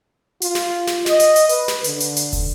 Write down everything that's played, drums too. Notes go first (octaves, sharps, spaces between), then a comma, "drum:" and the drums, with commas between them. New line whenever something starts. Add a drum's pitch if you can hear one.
F4, drum: hi-hat
drum: snare
drum: snare
D#5, drum: snare
drum: hi-hat
drum: hi-hat
B4, drum: hi-hat
drum: snare
D3, drum: hi-hat
drum: hi-hat
drum: hi-hat
drum: kick, open hi-hat